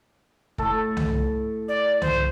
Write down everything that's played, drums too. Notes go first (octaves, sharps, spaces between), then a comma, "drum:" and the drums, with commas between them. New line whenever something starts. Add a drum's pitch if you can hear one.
A2 A4, drum: kick
drum: tom C2
D5
C5, drum: tom C2